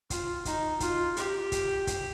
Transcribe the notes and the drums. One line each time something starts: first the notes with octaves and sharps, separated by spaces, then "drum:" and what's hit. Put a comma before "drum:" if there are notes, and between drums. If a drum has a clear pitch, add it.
F4, drum: kick, hi-hat
D#4, drum: kick, hi-hat
F4, drum: kick, hi-hat
G4, drum: hi-hat
drum: kick, hi-hat
drum: kick, hi-hat